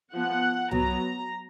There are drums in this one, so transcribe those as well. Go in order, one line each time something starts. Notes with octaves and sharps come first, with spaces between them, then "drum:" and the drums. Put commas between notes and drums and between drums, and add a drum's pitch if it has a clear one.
F3 B3 F#5
F#3 B3 A#5, drum: tom C2